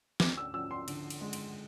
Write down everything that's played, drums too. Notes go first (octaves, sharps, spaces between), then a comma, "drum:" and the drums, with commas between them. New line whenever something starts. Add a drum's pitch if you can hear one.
D2 D6, drum: snare
E6
F3 E6
C6
D3, drum: cymbal
drum: cymbal
G#3
drum: cymbal